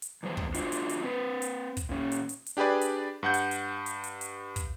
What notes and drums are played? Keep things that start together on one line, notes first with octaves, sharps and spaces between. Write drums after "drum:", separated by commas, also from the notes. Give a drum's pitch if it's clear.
drum: hi-hat
E2 A2 G3 C5
drum: kick
D4 F4 F#4 C5 D#5, drum: hi-hat
drum: hi-hat
drum: hi-hat
C4 B4
drum: hi-hat
drum: kick, hi-hat
A#2 C#4
drum: hi-hat
drum: hi-hat
drum: hi-hat
D4 G4 G#4 B4 D5
drum: hi-hat
G2 F#5 G6
drum: hi-hat
drum: hi-hat
drum: hi-hat
drum: hi-hat
drum: hi-hat
drum: kick, hi-hat